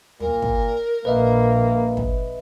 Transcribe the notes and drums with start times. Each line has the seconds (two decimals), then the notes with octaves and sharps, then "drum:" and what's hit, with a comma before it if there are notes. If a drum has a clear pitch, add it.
0.20 A#2 A#4, drum: tom
0.42 drum: kick
1.05 A#1 A#3 B4 D#5 E5
1.97 drum: kick